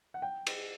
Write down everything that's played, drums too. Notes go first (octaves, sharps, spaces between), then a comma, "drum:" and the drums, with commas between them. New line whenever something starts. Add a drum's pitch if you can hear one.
F#5
G5
drum: cymbal